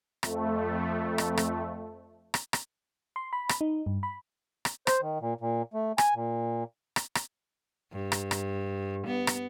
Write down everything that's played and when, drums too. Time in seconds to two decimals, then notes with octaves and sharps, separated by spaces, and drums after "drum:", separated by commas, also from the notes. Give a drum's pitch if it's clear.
0.23 F2 A3, drum: rim click
1.18 drum: rim click
1.37 drum: rim click
2.34 drum: rim click
2.53 drum: rim click
3.16 C6
3.33 B5
3.49 drum: rim click
3.61 D#4
3.86 G2
4.03 B5
4.65 drum: rim click
4.87 C5, drum: rim click
5.01 D#3
5.21 A#2
5.41 A#2
5.74 A3
5.98 G#5, drum: rim click
6.15 A#2
6.96 drum: rim click
7.15 drum: rim click
7.92 G2
8.12 drum: rim click
8.31 drum: rim click
9.07 B3
9.27 drum: rim click